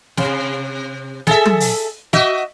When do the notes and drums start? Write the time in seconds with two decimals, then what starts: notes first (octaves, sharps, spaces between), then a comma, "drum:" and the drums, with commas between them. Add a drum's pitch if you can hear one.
0.17 C3, drum: snare
1.27 G#4 A4 E5, drum: snare
1.45 drum: tom F#3
1.60 drum: open hi-hat
2.13 F#4 D#5 E5, drum: snare